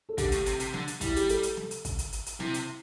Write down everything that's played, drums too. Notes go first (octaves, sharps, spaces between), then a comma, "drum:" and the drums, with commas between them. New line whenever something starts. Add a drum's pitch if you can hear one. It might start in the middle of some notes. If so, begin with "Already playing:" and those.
A4
D3 G4, drum: kick, hi-hat
A2, drum: hi-hat
C3, drum: hi-hat
C3, drum: hi-hat
D3, drum: snare
drum: hi-hat
G3 E4, drum: kick, hi-hat
G4, drum: hi-hat
A4, drum: hi-hat
drum: hi-hat
drum: snare
drum: hi-hat
drum: kick, hi-hat
drum: hi-hat
drum: hi-hat
drum: hi-hat
C3 E4, drum: snare
drum: hi-hat